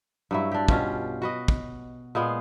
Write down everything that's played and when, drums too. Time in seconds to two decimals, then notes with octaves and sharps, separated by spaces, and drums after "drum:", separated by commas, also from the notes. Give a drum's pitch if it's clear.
0.31 G2 F#3 E4
0.51 D4 G4
0.68 B2 C#4 F4 G4, drum: kick
1.22 F#4 B4 D#5
1.48 drum: kick
2.15 A#2 G#3 B3 F5